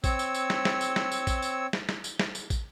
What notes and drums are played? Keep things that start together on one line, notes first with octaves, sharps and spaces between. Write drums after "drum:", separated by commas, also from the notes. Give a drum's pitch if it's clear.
C4 C#5 E6, drum: kick, tambourine
drum: tambourine
drum: tambourine
drum: snare
drum: snare
drum: tambourine
drum: snare
drum: tambourine
drum: kick, tambourine
drum: tambourine
drum: snare
drum: snare
drum: tambourine
drum: snare
drum: tambourine
drum: kick, tambourine